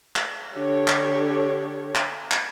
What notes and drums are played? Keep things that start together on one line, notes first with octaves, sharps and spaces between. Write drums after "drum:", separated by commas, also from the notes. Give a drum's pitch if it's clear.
drum: clap
D3 D4 G4 C#5
drum: clap
drum: clap
drum: clap